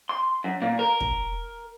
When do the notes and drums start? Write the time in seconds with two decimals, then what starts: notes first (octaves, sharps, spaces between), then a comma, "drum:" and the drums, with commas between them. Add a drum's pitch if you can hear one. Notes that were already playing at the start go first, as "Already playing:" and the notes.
0.09 C6
0.44 F#2
0.62 A#2
0.79 A#4
1.00 drum: kick